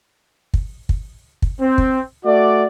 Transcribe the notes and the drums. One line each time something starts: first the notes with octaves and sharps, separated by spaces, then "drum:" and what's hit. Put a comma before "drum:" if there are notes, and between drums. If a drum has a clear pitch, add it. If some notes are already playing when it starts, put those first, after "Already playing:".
drum: kick
drum: kick
drum: kick
C4
drum: kick
A3 F#4 D5